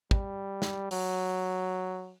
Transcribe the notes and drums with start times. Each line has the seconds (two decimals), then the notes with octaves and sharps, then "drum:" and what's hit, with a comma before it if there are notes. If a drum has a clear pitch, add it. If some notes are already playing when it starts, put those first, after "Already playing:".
0.11 G3, drum: kick
0.62 drum: snare
0.91 F#3, drum: open hi-hat